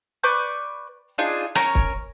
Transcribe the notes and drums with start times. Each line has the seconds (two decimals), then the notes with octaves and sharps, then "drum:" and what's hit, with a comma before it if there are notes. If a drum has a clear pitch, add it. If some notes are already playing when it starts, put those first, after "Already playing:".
0.23 B4 D5 C#6 G6
1.18 D4 D#4 F4 G#4
1.55 C#4 A#4 C#5, drum: rim click
1.75 drum: kick